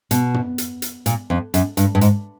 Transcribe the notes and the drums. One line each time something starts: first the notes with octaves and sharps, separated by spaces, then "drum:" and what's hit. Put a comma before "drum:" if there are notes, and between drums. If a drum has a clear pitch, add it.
B2, drum: hi-hat
drum: tom
drum: hi-hat
drum: hi-hat
A#2, drum: hi-hat
F2
F#2, drum: hi-hat
G2, drum: hi-hat
G2
G#2, drum: hi-hat